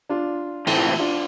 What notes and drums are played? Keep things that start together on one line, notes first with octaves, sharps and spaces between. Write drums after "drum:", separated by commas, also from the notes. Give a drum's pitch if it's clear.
D4 F4
A2 E3 A3 C4, drum: cymbal
F4
E4
D4 F4